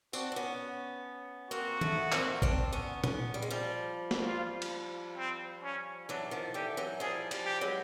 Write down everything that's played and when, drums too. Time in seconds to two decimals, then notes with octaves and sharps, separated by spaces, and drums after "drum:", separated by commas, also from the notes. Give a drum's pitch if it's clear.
0.13 C4 D4 F#4, drum: tambourine
0.32 C4
0.36 B3 C#4
1.51 A#3 C4 F#4
1.81 A3 B3, drum: tom D#3
2.12 A#3 C4, drum: clap
2.42 C4 D4, drum: kick A1
2.73 B3 C#4
3.04 B3 C#4, drum: tom A#2
3.34 G3
3.42 G#3
3.50 F3 G3
4.11 drum: snare
4.26 F4
4.62 drum: cymbal
5.17 C4
5.63 C#4
6.09 E3 F#3 D4
6.31 D#3 F3
6.54 D3 E3 G4
6.77 E3 F#3
7.00 F3 G3 G#4
7.31 F3 G3, drum: cymbal
7.46 G4
7.61 F#3 G#3